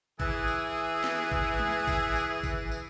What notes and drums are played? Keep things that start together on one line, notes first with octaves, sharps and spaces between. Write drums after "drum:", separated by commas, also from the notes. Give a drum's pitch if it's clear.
E3 G#4, drum: kick G#1
drum: tambourine
drum: snare
drum: kick G#1
drum: tom G#3
drum: kick G#1, tambourine
drum: tambourine
drum: kick G#1, tambourine
drum: tambourine